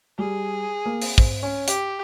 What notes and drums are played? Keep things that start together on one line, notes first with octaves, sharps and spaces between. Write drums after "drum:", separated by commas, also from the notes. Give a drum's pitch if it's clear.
G3 G#4
A#3
C4, drum: open hi-hat
C4, drum: kick
C#4
G4, drum: hi-hat